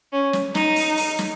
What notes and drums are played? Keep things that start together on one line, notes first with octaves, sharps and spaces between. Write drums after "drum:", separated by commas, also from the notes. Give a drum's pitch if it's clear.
C#4
drum: snare
D#4, drum: snare
drum: open hi-hat
drum: open hi-hat
drum: snare